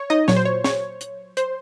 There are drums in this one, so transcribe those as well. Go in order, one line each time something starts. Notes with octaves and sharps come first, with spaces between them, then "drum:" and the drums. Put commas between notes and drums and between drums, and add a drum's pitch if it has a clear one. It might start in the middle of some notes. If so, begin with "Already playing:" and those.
Already playing: C#5
D#4 D#5
A#2 F#3 C#5, drum: snare
C5
C#5
C#5, drum: snare
drum: hi-hat
C5, drum: hi-hat